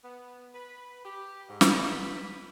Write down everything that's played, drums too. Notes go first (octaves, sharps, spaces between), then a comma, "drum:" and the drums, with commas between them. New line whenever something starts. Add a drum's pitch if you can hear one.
B3
B4
G4
G#2
drum: snare
B4